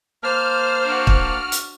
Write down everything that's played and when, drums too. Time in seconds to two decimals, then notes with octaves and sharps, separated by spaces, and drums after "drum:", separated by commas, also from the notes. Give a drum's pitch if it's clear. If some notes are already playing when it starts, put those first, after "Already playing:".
0.23 A#3 C5 A5 F6
0.85 D4 F#4
1.07 drum: kick
1.52 drum: hi-hat